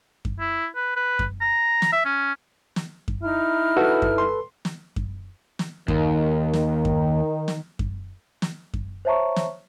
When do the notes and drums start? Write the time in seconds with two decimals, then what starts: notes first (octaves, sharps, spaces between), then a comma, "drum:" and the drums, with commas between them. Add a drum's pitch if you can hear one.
0.25 drum: kick F#2
0.40 E4
0.76 B4
0.96 B4
1.19 drum: kick F#2
1.41 A#5
1.82 drum: snare
1.92 E5
2.05 C#4
2.76 drum: snare
3.08 drum: kick F#2
3.23 D#4 E4 A#5 F6
3.77 F#4 A4 B4
4.02 drum: kick F#2
4.18 C6
4.65 drum: snare
4.96 drum: kick F#2
5.59 drum: snare
5.88 D#2 D#3, drum: kick F#2
6.53 drum: snare
6.85 drum: kick F#2
7.48 drum: snare
7.79 drum: kick F#2
8.42 drum: snare
8.74 drum: kick F#2
9.05 C5 C#5 E5 A5 A#5 C#6
9.36 drum: snare